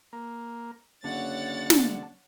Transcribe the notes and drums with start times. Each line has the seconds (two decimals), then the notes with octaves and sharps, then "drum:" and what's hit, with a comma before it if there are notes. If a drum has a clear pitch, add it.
0.13 A#3
1.04 F#1 D3 C#5 F#5 A5 A6
1.70 drum: snare